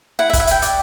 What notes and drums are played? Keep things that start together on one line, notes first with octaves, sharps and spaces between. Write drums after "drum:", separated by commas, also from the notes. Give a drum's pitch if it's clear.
E4 F#5
E5
B4, drum: kick, hi-hat
E5
E4 G5, drum: hi-hat
D5, drum: hi-hat